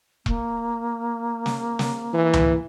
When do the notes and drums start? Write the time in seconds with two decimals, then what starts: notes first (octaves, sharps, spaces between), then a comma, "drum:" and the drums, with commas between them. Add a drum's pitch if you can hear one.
0.26 A#3, drum: kick E1
1.46 drum: snare
1.79 drum: snare
2.14 E3
2.33 drum: tom C#2